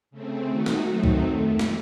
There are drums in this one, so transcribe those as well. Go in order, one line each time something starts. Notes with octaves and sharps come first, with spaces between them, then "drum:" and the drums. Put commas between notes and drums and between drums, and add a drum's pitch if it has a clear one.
C#3 A3 C4
D#3 A3 D#4 F#4
drum: snare
D#3 F#3 A3 C4 D#4
drum: kick
F2 D#3 A3
drum: snare